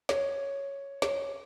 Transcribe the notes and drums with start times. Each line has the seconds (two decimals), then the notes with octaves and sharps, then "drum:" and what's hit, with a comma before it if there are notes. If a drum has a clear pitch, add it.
0.09 C#5, drum: snare
1.02 C#5, drum: snare